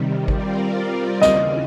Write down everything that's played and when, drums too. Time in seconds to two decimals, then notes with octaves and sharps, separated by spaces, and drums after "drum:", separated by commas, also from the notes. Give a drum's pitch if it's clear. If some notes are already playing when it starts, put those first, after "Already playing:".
Already playing: C3 D#3 G3
0.28 G3 C4 F4 A#4 D5, drum: kick G#1
1.22 D#2 C#3 E3 D#5, drum: snare